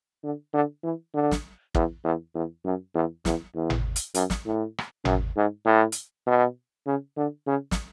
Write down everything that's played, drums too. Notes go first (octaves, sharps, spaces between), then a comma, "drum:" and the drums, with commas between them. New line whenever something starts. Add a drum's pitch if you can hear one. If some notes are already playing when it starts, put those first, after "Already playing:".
D3
D3
E3
D3
drum: snare
E2, drum: kick
E2
E2
F#2
E2
E2, drum: snare
E2
drum: tom G#1
drum: hi-hat
F#2, drum: hi-hat
drum: snare
A2
drum: rim click
F#2, drum: tom G#1
G#2
A2
drum: hi-hat
B2
C#3
D3
C#3
drum: snare